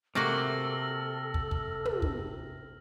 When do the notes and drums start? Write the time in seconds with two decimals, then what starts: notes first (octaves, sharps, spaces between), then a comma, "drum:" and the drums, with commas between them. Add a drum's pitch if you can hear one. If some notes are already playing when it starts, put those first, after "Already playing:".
0.15 C3 A3 A#3 F#4 A4 F6 A#6 F#7
1.34 drum: kick
1.51 drum: kick
1.85 drum: tom
2.02 drum: kick